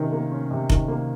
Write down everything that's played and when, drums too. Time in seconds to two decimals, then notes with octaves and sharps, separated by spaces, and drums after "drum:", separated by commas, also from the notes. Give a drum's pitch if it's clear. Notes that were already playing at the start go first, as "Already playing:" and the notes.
Already playing: C3 D#3 A#3 C#4
0.12 A#3
0.32 C#4
0.51 C3
0.70 D#3, drum: kick F1
0.88 A#3